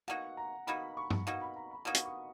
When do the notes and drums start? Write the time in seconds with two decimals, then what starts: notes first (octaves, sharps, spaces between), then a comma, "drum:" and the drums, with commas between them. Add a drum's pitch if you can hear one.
0.08 B2 A#3 D#4 F#4 F#5
0.37 A#5
0.67 B2 A#3 D#4 F#4 B5
0.97 C#6
1.10 drum: tom G2
1.27 B2 A#3 D#4 F#4 C#6
1.41 B5
1.56 A#5
1.71 B5
1.85 B2 A#3 D#4 F#4 D#6
1.94 drum: hi-hat
2.05 C#6